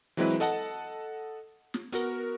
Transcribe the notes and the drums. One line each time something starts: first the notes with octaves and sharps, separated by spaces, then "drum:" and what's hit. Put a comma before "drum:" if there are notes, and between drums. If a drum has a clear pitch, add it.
E3 F#3 G#3 C4 E4 B4
A4 D#5 F#5 A5, drum: hi-hat
drum: snare
B3 F#4 A#4, drum: hi-hat